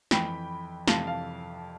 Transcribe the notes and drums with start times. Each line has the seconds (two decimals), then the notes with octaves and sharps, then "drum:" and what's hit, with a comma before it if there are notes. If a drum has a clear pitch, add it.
0.11 F2 E3 G5 B5, drum: snare
0.87 F2 C3 E3 F5 A5, drum: snare
1.07 F5 A5